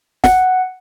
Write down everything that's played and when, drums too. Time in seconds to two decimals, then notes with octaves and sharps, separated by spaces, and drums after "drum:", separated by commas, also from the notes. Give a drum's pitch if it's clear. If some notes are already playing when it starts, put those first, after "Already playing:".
0.24 F#5, drum: snare